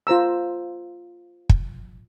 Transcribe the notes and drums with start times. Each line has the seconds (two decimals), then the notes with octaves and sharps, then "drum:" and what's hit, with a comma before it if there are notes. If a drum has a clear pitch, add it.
0.07 F4 C5 A#5 E6
1.49 drum: kick